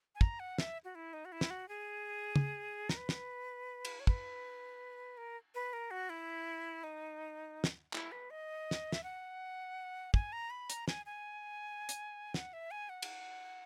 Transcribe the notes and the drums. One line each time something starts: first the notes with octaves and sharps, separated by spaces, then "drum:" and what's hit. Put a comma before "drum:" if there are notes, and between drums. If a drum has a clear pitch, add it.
G#5
A#5, drum: kick
F#5
E5, drum: snare
F#4
E4
D#4
F#4
E4
drum: snare
F#4
G#4
drum: tom
A#4, drum: snare
B4
drum: snare
drum: cymbal
C#5
B4, drum: kick
A#4
B4
A#4
F#4
E4
D#4
drum: snare
E4, drum: clap
B4
D#5
drum: snare
E5, drum: snare
F#5
G#5, drum: kick
A#5
B5
A#5, drum: hi-hat
G#5, drum: snare
G#5
drum: hi-hat
F#5, drum: snare
E5
G#5
F#5
drum: cymbal